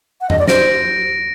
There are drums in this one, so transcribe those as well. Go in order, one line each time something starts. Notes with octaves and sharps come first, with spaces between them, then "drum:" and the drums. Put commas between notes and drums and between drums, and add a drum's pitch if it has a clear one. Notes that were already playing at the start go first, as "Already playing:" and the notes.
F#5
D#5, drum: tom F2
D5
C5 A#6 D7, drum: snare